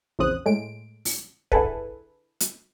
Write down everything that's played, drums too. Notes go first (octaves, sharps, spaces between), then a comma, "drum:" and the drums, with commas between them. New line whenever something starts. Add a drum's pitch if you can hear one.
A#1 E2 C#3 C4 D#6 F#6
A2 G#3 D7
drum: open hi-hat
D3 E4 G#4 A4 B4, drum: kick
drum: hi-hat